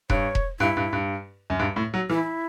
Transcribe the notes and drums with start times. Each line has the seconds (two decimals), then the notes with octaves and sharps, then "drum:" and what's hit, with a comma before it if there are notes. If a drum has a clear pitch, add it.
0.10 G2 C#5, drum: kick E1
0.35 drum: kick E1
0.60 G2 E4
0.77 G2
0.93 G2
1.50 F#2
1.59 G2
1.76 A2
1.94 F#3
2.10 E3 E4